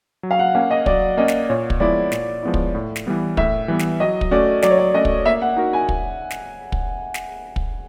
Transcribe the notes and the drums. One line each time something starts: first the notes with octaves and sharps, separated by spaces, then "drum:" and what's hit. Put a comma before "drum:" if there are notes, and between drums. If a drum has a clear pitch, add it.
F#3
F5
F#5
A#3 C#4 F5
D#5
F#3 D5, drum: kick
A#3 C#4 D#5
drum: snare
A#2 C#5
drum: kick
F3 G#3 B3 E4 D5
A#2, drum: snare
F3 G#3 B3 E4
drum: kick
A2
drum: snare
E3 G3 B3
A2 E5, drum: kick
E3 G3 B3
drum: snare
F#3 D#5
drum: kick
A3 C#4 F#4 D5
F#3 D5, drum: snare
C#5
D5
A3 C#4 F#4 D#5
drum: kick
A#3 E5
F#5
D#4 F#4 A#4
G#5
drum: kick
drum: snare
drum: kick
drum: snare
drum: kick